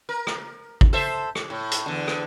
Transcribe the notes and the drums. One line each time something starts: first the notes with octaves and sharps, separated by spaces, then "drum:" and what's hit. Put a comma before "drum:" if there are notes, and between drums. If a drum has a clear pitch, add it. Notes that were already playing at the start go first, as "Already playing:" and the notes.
A#4
drum: rim click
drum: kick
A4 C5 E5
drum: rim click
A2
drum: hi-hat
E2 D3
drum: rim click